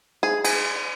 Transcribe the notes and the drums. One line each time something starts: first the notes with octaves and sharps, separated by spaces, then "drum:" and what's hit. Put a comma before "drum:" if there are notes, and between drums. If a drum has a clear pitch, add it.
G#4
G#4, drum: cymbal